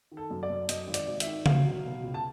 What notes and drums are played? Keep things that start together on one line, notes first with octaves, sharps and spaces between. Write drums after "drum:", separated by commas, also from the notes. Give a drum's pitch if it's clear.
D#3
A4
F#2
D5
F#2
F#2 D#5, drum: hi-hat
G#1
D5, drum: hi-hat
G#1
E5, drum: hi-hat
D#3
B2 F5, drum: tom C#3
F#3
B2
C#2
A5